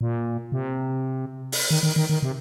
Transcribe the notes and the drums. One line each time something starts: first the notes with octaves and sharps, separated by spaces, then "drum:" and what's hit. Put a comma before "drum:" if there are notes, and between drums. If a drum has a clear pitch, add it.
A#2
C3
drum: open hi-hat
D#3
D#3
D#3
D#3
C3